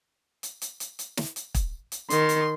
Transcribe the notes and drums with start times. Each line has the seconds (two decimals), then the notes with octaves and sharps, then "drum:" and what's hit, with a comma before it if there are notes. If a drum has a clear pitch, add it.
0.43 drum: hi-hat
0.62 drum: hi-hat
0.80 drum: hi-hat
0.99 drum: hi-hat
1.17 drum: snare
1.36 drum: hi-hat
1.54 drum: kick, hi-hat
1.92 drum: hi-hat
2.10 D#3 C6, drum: hi-hat
2.29 drum: hi-hat